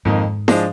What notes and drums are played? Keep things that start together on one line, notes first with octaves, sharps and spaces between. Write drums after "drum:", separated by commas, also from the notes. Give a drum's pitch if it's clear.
F2 G#2 D#3 A#3 D#4
F3 G#3 D4, drum: snare E4